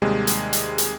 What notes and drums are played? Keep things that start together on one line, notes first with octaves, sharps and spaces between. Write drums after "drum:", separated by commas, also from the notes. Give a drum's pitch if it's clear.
D#2 C3 G3 G#3
drum: hi-hat
drum: hi-hat
drum: hi-hat